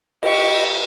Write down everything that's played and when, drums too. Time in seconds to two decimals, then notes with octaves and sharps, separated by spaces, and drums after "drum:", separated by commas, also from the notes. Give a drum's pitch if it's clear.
0.23 G4 D#5 C#6, drum: cymbal